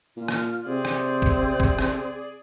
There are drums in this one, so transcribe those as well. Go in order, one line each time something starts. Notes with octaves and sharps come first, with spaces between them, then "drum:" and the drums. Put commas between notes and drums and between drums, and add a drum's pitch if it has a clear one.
A#2 F4
drum: rim click
C3 C4 G#4 D5
drum: rim click
drum: kick
drum: kick
drum: rim click